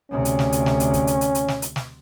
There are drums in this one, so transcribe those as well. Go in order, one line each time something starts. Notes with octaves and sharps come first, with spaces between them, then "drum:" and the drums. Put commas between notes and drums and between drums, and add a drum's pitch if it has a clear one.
D2 C3 C#4
drum: hi-hat
drum: snare
drum: hi-hat
drum: snare
drum: hi-hat
drum: kick, hi-hat
drum: hi-hat
drum: hi-hat
drum: hi-hat
drum: snare
drum: hi-hat
drum: snare